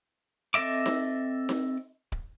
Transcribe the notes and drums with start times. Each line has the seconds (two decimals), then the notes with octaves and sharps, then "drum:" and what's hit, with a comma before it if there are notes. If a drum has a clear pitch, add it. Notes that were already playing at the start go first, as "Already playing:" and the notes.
0.54 C4 A4 D#5 E5 D6
0.86 drum: snare D#4
1.49 drum: snare D#4
2.12 drum: kick D1